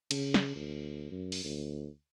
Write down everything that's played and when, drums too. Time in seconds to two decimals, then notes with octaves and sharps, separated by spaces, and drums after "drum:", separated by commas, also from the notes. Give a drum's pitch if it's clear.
0.11 C#3, drum: cymbal
0.34 drum: snare
0.56 D2
1.11 F#2
1.32 drum: open hi-hat
1.45 D2